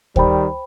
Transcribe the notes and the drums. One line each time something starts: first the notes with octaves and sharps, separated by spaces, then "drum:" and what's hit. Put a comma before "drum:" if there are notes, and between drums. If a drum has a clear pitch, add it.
D#3 G3 C5 G5 B5, drum: kick D2